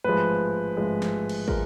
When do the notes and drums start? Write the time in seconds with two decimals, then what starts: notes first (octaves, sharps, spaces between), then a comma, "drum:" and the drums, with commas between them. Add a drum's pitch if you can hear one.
0.04 A1 G#2 F3 G#3 B4
0.77 A1 G#2 F3 G#3
1.02 drum: snare
1.29 drum: cymbal
1.48 F3 G#3 A#4, drum: kick